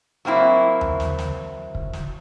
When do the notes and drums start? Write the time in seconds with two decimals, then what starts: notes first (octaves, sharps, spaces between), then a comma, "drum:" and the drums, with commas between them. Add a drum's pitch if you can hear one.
0.25 F#3 A#3 C4 E4
0.81 drum: tom D#2
1.00 drum: snare
1.19 drum: snare
1.75 drum: kick
1.93 drum: snare